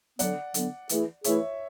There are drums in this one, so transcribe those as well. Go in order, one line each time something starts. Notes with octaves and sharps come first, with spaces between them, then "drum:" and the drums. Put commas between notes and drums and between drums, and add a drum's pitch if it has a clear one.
D3 F#3 B3 D5 F#5, drum: hi-hat
D3 F#3 B3, drum: hi-hat
E3 A3 E4 G#4, drum: hi-hat
E3 A3 E4 G#4 C#5 E5, drum: hi-hat